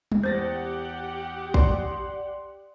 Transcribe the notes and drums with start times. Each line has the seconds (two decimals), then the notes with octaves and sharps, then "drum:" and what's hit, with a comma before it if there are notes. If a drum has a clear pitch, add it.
0.12 drum: tom
0.23 E2 G4 C5 F#5 A6 A#6
1.54 D5 C6, drum: kick